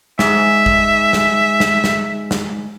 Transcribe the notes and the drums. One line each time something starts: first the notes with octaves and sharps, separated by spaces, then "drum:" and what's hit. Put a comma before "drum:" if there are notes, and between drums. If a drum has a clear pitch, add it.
G#2 E5, drum: snare
drum: kick A1
drum: snare
drum: snare
drum: snare
drum: snare